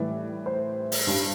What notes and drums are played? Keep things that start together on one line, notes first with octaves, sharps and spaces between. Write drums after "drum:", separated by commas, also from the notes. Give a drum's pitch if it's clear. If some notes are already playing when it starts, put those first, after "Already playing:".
Already playing: A2 E3 G3 D5
C5
drum: open hi-hat
G2 G3